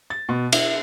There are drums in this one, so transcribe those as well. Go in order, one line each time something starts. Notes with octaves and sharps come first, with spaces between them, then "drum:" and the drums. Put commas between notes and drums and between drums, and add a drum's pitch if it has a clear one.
A6
B2
E5, drum: cymbal